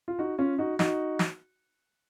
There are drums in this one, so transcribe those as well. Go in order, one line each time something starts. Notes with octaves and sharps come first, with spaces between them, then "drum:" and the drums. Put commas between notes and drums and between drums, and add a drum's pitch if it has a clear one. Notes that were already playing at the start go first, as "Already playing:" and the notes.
F4
D#4 F#4
C#4 F4
D#4 F#4
D#4 F#4, drum: snare
drum: snare